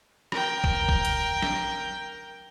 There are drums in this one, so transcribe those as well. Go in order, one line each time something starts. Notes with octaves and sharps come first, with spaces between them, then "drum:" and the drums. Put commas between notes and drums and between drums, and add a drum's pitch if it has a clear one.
A#4 G5, drum: rim click
drum: kick
drum: kick
drum: hi-hat
drum: snare